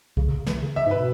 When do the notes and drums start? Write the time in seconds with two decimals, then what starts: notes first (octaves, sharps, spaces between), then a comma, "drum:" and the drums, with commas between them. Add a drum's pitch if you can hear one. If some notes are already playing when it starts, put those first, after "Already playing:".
0.17 C#3, drum: kick C2
0.27 C#3
0.47 E3, drum: snare
0.62 C#3
0.76 E5
0.86 G#2
0.91 B4
0.96 B2